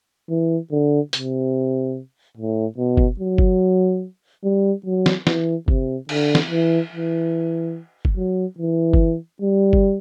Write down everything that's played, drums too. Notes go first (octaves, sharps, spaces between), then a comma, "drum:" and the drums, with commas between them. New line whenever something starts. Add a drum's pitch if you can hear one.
E3
D3
C3, drum: hi-hat
A2
B2
drum: kick F#1
F#3
drum: kick F#1
G3
F#3
drum: snare
E3, drum: snare
C3, drum: kick F#1
D3, drum: cymbal
drum: snare
E3
E3
drum: kick F#1
F#3
E3
drum: kick F#1
G3
drum: kick F#1